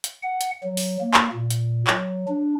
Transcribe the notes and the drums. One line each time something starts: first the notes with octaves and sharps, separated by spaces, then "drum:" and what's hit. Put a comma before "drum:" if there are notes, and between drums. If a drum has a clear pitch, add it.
drum: hi-hat
F#5
drum: hi-hat
F#3
drum: open hi-hat
A#3
drum: clap
A#2
drum: hi-hat
F#3, drum: clap
D4